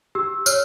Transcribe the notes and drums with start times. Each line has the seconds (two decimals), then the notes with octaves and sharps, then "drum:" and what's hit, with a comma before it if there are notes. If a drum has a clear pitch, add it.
0.15 G4 E6
0.46 C#5 F6, drum: tambourine